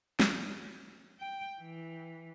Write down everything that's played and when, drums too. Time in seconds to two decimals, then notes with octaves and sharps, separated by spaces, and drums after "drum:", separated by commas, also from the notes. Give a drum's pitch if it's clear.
0.20 drum: snare
1.20 G5
1.61 E3